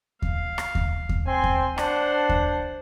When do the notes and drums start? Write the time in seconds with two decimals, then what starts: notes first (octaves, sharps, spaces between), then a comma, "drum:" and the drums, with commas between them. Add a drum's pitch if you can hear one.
0.22 F5, drum: kick D#2
0.58 drum: rim click
0.75 drum: kick D#2
1.09 drum: kick D#2
1.26 C4 G#5 C6
1.44 drum: kick D#2
1.78 D4 C5 F#5, drum: rim click
2.29 drum: kick D#2